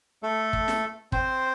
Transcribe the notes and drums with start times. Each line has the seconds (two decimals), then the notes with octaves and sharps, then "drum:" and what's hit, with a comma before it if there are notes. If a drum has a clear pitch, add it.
0.23 A3 A4
0.53 drum: kick
0.68 drum: snare
1.12 C4 C5, drum: kick